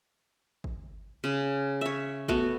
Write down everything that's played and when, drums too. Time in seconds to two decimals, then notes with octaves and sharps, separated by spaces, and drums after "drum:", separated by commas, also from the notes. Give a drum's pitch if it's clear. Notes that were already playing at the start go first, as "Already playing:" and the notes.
0.64 drum: kick
1.24 C#3
1.81 C#5 E5
2.28 A3 B3 F#4, drum: kick